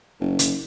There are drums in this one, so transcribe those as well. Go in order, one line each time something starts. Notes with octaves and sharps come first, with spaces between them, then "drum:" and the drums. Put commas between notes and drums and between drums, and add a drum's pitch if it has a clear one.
F#1
drum: hi-hat